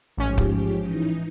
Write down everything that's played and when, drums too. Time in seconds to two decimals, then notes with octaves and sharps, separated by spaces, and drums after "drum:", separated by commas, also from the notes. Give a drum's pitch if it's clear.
0.17 A1 G#2 F3 C#4 G4
0.38 drum: kick
0.81 E3 D#4